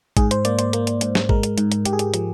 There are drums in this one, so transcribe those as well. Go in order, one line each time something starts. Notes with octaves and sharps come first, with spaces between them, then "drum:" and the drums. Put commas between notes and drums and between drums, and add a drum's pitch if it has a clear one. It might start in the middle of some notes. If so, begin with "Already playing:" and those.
G#2 G#4, drum: kick A1, hi-hat
C5, drum: hi-hat
A#3 D5, drum: hi-hat
C5, drum: hi-hat
A#3, drum: hi-hat
drum: hi-hat
G#2, drum: hi-hat
drum: snare
G#3 A#4, drum: kick A1
drum: hi-hat
G#2, drum: hi-hat
drum: hi-hat
G#2 G4, drum: hi-hat
G#4
G4, drum: hi-hat
F3, drum: hi-hat